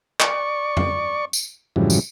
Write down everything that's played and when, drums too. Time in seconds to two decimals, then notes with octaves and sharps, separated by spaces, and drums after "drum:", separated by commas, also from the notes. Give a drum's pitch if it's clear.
0.20 D5 C#6, drum: clap
0.77 drum: tom F2
1.33 drum: tambourine
1.76 F2 G#2 C#3 E3 F#3 G3
1.90 drum: tambourine